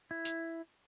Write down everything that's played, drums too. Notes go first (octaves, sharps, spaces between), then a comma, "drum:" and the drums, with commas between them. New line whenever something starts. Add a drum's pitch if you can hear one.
E4
drum: hi-hat